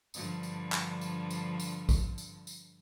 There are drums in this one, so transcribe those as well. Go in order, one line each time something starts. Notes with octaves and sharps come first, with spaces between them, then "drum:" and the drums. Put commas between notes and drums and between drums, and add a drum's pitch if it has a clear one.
G2 D3 F3, drum: tambourine
drum: tambourine
drum: clap
drum: tambourine
drum: tambourine
drum: tambourine
drum: kick, tambourine
drum: tambourine
drum: tambourine